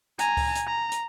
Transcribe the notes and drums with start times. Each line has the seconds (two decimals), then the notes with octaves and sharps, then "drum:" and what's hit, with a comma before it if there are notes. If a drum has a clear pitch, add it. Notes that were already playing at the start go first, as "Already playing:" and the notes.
0.19 G#5 A#5, drum: hi-hat
0.37 drum: kick C#2, open hi-hat
0.55 drum: hi-hat
0.67 A#5
0.92 drum: hi-hat